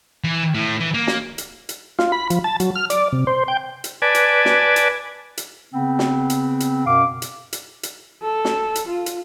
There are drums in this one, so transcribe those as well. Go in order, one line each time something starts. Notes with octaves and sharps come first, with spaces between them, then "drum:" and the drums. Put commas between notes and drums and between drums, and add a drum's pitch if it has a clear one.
E3
A2
E3
A#3
drum: snare
drum: hi-hat
drum: hi-hat
F4, drum: snare
B5
F3, drum: hi-hat
A5
F#3, drum: hi-hat
F6
D5, drum: hi-hat
C3
C5
G5
drum: hi-hat
B4 D5 G#5 A5
drum: hi-hat
drum: snare
drum: hi-hat
drum: hi-hat
C#3 B3 C4
drum: snare
drum: hi-hat
drum: hi-hat
F#2 B2 F5 D6
drum: hi-hat
drum: hi-hat
drum: hi-hat
A4
drum: snare
drum: hi-hat
F4
drum: hi-hat